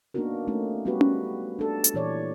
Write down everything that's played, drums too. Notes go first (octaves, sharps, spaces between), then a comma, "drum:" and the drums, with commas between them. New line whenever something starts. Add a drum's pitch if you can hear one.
A#3 B3 D4 D#4 F#4 A#4
A3 A#3 C#4 D#4
G3 B3 C#4 F#4 G4 B4
drum: tom C#4
D4 A4
drum: hi-hat
A#2 E3 A4 C#5 D5